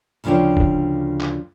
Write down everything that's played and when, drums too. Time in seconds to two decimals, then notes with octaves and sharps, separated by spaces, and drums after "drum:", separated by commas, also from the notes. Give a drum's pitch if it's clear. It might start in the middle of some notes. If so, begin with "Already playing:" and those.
0.24 D2 C#3 F3 D4 C#5 G5
0.57 drum: kick F1
1.21 drum: clap